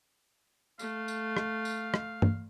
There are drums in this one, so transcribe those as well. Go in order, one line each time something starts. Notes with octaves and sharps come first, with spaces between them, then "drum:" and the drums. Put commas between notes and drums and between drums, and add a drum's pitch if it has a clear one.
A3 F5, drum: tambourine
drum: tambourine
drum: rim click
drum: tambourine
drum: rim click
drum: tom G2